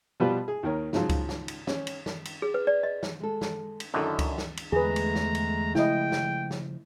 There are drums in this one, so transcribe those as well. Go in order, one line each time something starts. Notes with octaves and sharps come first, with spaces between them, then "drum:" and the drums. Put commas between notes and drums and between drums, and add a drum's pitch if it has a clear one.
B2 F3 G3 F4 G4 B4
G#4
D#2 D#3 A#4 C#5
G#2 C#3 F3 F#3 F4, drum: snare
drum: kick C#2, cymbal
drum: snare
drum: cymbal
C#4, drum: snare
drum: cymbal
drum: snare
drum: cymbal
G#4
B4
D5
D#5
drum: snare
G#3 A4
drum: snare
drum: cymbal
F#2 D3 D#3 D4 E4 A4
drum: kick C#2, cymbal
drum: snare
drum: cymbal
E2 D3 G#3 A3 G#4 B4 A#5
drum: cymbal
drum: snare
drum: cymbal
C#3 F3 E4 D#5 G5, drum: snare
drum: snare
drum: snare